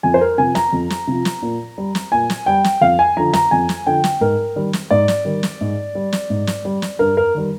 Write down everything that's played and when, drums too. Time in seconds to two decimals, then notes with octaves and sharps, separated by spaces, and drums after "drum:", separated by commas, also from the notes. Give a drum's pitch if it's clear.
0.03 F2 G#5
0.14 C5
0.21 A#4
0.38 C3 F3 G#5
0.55 A#5, drum: snare
0.73 F2
0.90 drum: snare
1.08 C3 F3
1.25 drum: snare
1.42 A#2
1.78 G3
1.95 drum: snare
2.12 A#2 G#5
2.30 drum: snare
2.46 G3 G5
2.64 drum: snare
2.81 F2 F5
2.99 G#5
3.17 D3 F3 A#5
3.33 A#5, drum: snare
3.51 F2 G#5
3.69 drum: snare
3.87 D3 F3 G5
4.04 drum: snare
4.21 G#2 A#4
4.56 D#3 G3
4.73 drum: snare
4.90 G#2 D5
5.08 drum: snare
5.25 D#3 G3
5.43 drum: snare
5.61 G#2
5.95 G3
6.13 drum: snare
6.30 G#2
6.47 drum: snare
6.65 G3
6.82 drum: snare
6.99 G2 A#4
7.17 A#4
7.35 D#3 G3